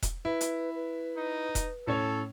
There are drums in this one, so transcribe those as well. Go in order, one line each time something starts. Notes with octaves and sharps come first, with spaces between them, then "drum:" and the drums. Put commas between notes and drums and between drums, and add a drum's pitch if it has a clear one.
drum: kick E1, hi-hat
E4 B4
drum: hi-hat
B4
D#4
drum: kick E1, hi-hat
A2 C#4 A4 C#5